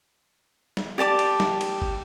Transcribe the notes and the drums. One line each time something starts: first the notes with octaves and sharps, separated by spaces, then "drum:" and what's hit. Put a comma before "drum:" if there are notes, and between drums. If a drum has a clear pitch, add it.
drum: snare
G4 D5 A5 D6
drum: cymbal
drum: snare
drum: cymbal
drum: kick